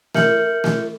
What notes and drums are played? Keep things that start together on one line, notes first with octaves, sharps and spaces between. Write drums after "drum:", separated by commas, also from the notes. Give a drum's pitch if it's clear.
A#4 E5 F6 G6 C#7 F#7, drum: snare A3
drum: snare A3